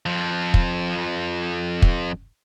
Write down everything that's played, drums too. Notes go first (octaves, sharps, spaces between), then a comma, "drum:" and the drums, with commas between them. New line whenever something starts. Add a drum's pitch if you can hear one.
F2 F3
drum: kick
drum: kick